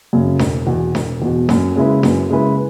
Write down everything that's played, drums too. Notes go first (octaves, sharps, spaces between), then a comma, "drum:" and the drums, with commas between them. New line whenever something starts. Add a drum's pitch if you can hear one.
F#2 C#3
E1, drum: snare D4
E2 B2
E1, drum: snare D4
E2 B2
F#2, drum: snare D4
C#3 G#3 E4 B4
F#2, drum: snare D4
C#3 G#3 E4 B4